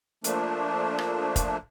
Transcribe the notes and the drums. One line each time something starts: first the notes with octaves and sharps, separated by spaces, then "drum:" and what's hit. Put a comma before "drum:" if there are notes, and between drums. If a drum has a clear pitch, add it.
F3 A3 A#3 D4, drum: hi-hat
drum: rim click
drum: kick, hi-hat